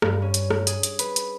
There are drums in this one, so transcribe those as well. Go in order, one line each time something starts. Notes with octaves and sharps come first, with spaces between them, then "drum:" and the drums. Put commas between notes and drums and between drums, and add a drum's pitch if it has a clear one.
G2, drum: rim click
C#4
drum: hi-hat
drum: rim click
G#4, drum: hi-hat
drum: hi-hat
B4, drum: hi-hat
drum: hi-hat